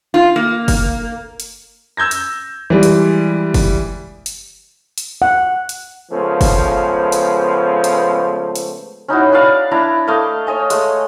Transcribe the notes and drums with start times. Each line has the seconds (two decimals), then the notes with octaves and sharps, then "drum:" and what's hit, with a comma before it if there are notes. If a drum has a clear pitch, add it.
0.14 F4
0.36 A#3
0.68 drum: kick F#1, open hi-hat
1.40 drum: hi-hat
1.97 E6 G6 G#6 A#6
2.11 drum: hi-hat
2.70 E3 G3 G#3
2.83 drum: hi-hat
3.54 drum: kick F#1, open hi-hat
4.26 drum: hi-hat
4.98 drum: hi-hat
5.22 F#5
5.69 drum: hi-hat
6.12 C#3 F3 G#3 A3 B3
6.41 drum: kick F#1, open hi-hat
7.12 drum: hi-hat
7.84 drum: hi-hat
8.56 drum: hi-hat
9.08 C#4 D#4 E4 F#4
9.32 B4 D5 F5 A#5
9.71 D4 E4 D5 A#5
10.07 A3 D#5 F5 D6
10.47 C#5 D#5 G#5
10.70 G#3 A3, drum: hi-hat